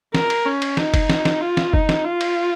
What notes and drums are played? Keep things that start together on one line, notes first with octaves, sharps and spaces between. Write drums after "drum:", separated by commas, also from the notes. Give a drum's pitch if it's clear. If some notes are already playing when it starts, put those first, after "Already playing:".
A#4, drum: snare
drum: cymbal
C#4
drum: cymbal
D#4, drum: snare
drum: kick, cymbal
drum: snare
drum: snare
F4
drum: snare
D#4, drum: kick
drum: snare
F4
drum: cymbal